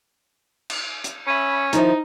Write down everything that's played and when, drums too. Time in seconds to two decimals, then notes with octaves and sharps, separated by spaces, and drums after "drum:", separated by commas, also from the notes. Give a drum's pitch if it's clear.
0.70 drum: cymbal
1.04 drum: hi-hat
1.27 C#4 E5 B5
1.73 D#3 F3 D#4 E4, drum: hi-hat